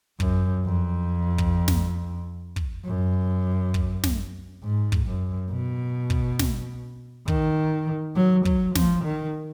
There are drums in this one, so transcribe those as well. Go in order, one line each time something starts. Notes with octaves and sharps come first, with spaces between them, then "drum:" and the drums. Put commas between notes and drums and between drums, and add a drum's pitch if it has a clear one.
F#2, drum: kick
F2
drum: kick
drum: snare
drum: kick
F#2
drum: kick
drum: snare
G#2
drum: kick
F#2
B2
drum: kick
drum: snare
D#3, drum: kick
F#3
F#3, drum: kick
F3, drum: snare
D#3